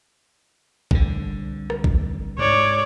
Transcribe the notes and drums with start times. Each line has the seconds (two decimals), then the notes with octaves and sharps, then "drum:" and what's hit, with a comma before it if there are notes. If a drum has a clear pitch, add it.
0.91 C2 D3, drum: kick
1.70 drum: rim click
1.84 drum: kick
2.38 G#2 C#5 D5